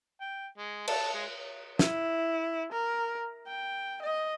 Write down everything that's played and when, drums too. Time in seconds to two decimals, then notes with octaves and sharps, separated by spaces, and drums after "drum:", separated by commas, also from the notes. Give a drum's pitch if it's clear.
0.21 G5
0.58 G#3
0.88 A4, drum: cymbal
1.14 G#3
1.79 E4, drum: snare
2.72 A#4
3.48 G5
4.02 D#5